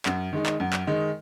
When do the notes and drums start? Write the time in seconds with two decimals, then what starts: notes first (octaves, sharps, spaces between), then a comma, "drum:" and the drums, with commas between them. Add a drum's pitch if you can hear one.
0.06 F#2, drum: clap
0.33 D#3 G#3 D#4
0.46 drum: clap
0.60 F#2
0.73 drum: clap
0.87 D#3 G#3 D#4